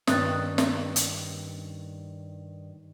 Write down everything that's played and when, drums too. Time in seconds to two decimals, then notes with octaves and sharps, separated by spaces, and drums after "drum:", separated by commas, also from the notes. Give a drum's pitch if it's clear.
0.07 G2 D#3 C#4 D#6 F#6 A6, drum: snare
0.58 drum: snare
0.96 drum: hi-hat